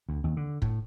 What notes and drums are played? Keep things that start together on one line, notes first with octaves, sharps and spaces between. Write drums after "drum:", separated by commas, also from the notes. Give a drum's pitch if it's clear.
D2
D#2
D3
A2, drum: kick